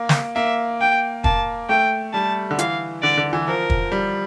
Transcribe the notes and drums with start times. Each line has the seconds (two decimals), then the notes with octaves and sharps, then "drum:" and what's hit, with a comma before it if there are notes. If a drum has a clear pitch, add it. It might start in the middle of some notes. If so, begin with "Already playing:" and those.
Already playing: A#3
0.09 drum: snare
0.35 A#3 E5
0.80 G5
1.24 A#3 A5, drum: kick
1.69 A3 G5
2.13 G3 A5
2.51 D3
2.59 E3 F5, drum: hi-hat
3.02 D3 D5
3.17 D3
3.33 E3
3.47 F3 A#4
3.70 drum: kick
3.92 G3